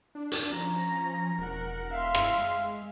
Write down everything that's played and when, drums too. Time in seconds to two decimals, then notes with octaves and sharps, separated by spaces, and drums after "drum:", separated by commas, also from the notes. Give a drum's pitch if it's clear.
0.15 D4
0.32 drum: hi-hat
0.52 F3 C#4 A#5
1.39 E1 A#4 F#5
1.93 E5 F5 C6
2.15 drum: rim click
2.38 G#3